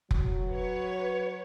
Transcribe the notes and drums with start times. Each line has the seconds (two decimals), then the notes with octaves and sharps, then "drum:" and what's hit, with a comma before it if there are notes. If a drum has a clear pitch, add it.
0.11 F#3, drum: kick F1
0.51 B4 C#5